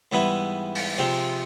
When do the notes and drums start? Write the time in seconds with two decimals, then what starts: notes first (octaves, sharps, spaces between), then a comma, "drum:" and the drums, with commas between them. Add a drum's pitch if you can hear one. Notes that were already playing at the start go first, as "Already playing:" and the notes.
0.12 G#2 E3 G3 B3 E4
0.75 drum: open hi-hat
0.98 C3 F3 G#3 C4